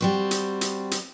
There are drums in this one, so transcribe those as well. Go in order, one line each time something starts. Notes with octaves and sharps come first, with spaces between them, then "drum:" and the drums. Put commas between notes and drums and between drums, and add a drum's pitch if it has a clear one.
G3 C4 F#4
drum: hi-hat
drum: hi-hat
drum: hi-hat